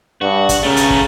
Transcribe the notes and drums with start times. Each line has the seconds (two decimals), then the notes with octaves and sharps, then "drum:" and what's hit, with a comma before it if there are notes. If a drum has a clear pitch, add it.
0.21 G2 F#4
0.49 drum: kick, hi-hat
0.63 C#3 A3 A#4
0.77 drum: hi-hat
0.90 drum: kick